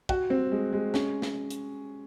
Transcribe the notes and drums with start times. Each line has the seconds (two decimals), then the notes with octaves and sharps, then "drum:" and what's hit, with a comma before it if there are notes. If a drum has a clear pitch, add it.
0.09 F#4, drum: kick
0.30 C4
0.52 G#3
0.73 G#3
0.94 C#4, drum: snare
1.22 drum: snare
1.50 drum: hi-hat